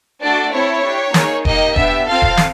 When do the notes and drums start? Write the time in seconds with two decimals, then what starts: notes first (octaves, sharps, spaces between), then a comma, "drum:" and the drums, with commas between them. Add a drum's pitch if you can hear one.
0.22 A3 D4 F#4 A4 D5
0.53 C4 E4 A4 C#5
0.83 D4 G4
1.14 A#3 D#4 G#4, drum: snare
1.45 A#3 D#4 G4 D#5, drum: kick E1
1.76 B3 D4 G4 E5, drum: kick E1
2.07 C4 F4 A4 F5
2.22 drum: kick E1
2.37 drum: snare